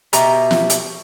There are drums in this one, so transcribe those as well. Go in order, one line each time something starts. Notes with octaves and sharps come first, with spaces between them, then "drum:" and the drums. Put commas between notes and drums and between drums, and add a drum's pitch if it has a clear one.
B2 G4 E5 A#5, drum: hi-hat
drum: snare
drum: hi-hat